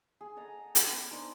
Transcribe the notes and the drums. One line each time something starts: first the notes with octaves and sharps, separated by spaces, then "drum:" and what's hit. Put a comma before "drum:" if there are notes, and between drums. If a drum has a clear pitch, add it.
G#4
A4 D#5 F#5 A#5
G#5, drum: hi-hat
B3 B4 D#6
D4 D#4 C5